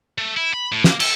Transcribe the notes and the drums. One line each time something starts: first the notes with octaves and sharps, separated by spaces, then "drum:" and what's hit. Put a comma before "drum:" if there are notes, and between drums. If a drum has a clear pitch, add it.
A3
E4
B5
A2
A#3, drum: snare
A4, drum: cymbal